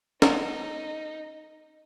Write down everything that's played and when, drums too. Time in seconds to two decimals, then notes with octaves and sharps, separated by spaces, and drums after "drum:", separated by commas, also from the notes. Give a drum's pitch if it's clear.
0.22 D#4, drum: snare